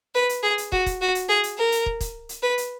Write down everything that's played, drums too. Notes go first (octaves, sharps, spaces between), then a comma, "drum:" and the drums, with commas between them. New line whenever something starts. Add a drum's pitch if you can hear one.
B4
drum: hi-hat
G#4
drum: hi-hat
F#4, drum: kick
drum: kick, hi-hat
F#4
drum: hi-hat
G#4
drum: hi-hat
A#4
drum: hi-hat
drum: kick
drum: kick, hi-hat
drum: hi-hat
B4
drum: hi-hat